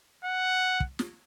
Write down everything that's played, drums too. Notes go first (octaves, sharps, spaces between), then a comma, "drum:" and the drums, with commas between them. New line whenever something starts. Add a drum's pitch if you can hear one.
F#5
drum: kick
drum: snare